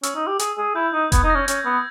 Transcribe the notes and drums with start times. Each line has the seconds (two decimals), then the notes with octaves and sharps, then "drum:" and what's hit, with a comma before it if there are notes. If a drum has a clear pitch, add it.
0.03 C#4 E6, drum: hi-hat
0.16 D#4
0.27 G4
0.39 G#4, drum: hi-hat
0.58 G#4
0.75 E4 G6
0.94 D#4
1.12 B3 G#6, drum: kick F1, hi-hat
1.24 D#4
1.30 A#6
1.36 C#4
1.48 C#4 G#6, drum: hi-hat
1.66 B3 E6